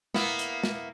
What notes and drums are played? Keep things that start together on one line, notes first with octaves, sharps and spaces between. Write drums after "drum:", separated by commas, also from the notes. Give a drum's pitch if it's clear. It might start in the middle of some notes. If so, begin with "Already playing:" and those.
A#3 B3 E4, drum: snare
drum: hi-hat
drum: snare